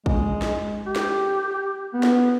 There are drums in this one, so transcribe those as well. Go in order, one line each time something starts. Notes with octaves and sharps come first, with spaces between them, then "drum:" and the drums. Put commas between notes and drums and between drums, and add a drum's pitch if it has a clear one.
G#3, drum: kick
drum: snare
G4
drum: snare
B3
drum: snare